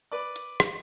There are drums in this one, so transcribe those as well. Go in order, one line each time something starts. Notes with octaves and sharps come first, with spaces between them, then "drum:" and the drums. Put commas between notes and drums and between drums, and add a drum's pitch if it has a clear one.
B4 D5
drum: hi-hat
drum: rim click